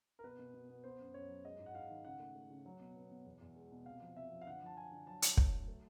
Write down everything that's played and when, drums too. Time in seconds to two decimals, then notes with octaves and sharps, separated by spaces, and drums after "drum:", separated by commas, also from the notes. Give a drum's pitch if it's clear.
0.19 A#4
0.24 B2 B4
0.39 B2
0.54 B2
0.69 B3
0.84 B3 C5
0.99 F#2
1.14 F#2 C#5
1.29 F#3
1.44 G#3 D#5
1.59 G#2
1.66 F#5
1.74 G#2 F5
1.90 D#3
2.04 C#3 F#5
2.20 A3
2.35 A3
2.50 C#3
2.66 F#3
2.80 B2
2.96 B3
3.11 B2
3.26 E2
3.41 E2
3.56 G#3
3.72 B2
3.86 C3 F5
4.01 F3
4.16 C3 E5
4.32 F3
4.42 F5
4.47 D3 F#5
4.62 F3 A5
4.77 F3 G#5
4.92 D3
5.07 F#3 A5
5.22 F#3, drum: hi-hat
5.37 A3, drum: kick
5.52 F#3
5.68 A3